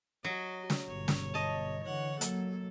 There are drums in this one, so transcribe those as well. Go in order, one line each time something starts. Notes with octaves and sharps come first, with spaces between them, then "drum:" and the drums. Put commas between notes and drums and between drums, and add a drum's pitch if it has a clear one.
F#3 F#4 D#5
drum: snare
G1 B2 C#5
drum: snare
D#5 A5
D3 E3 C#5 F#5
F#3 A#3 A4, drum: hi-hat